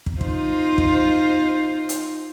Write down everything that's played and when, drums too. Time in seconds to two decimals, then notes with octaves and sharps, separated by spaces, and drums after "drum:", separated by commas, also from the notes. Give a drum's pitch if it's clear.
0.06 drum: kick
0.21 D#4 F4 C5, drum: kick
0.78 drum: kick
1.89 drum: hi-hat